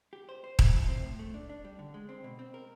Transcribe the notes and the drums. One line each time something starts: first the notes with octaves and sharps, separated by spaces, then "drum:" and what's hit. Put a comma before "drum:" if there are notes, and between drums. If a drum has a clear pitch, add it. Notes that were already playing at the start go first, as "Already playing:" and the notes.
G4
C5
C5
E4, drum: kick D#1
F3
C4
A2
A3
D4
D4
G3
D3
G#3
C4
B2
C4
A#4